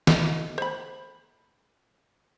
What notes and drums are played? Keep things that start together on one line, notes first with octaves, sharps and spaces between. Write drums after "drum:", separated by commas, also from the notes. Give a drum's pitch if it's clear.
A3 D#4, drum: snare
C5 B5